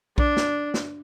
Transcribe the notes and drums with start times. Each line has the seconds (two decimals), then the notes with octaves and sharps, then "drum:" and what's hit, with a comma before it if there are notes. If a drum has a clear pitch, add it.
0.18 D4, drum: kick
0.37 drum: snare
0.74 drum: snare